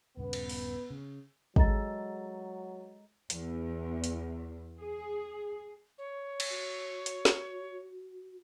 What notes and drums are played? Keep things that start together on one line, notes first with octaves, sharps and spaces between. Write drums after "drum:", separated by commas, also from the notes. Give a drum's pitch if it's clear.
D#1 G2 C#3 B3
drum: cymbal
drum: open hi-hat
C#3
F#3 G#3 A4 D#5 A#5 A6, drum: kick
E2, drum: hi-hat
drum: hi-hat
G#4
C#5
drum: cymbal
F#4
drum: hi-hat
drum: snare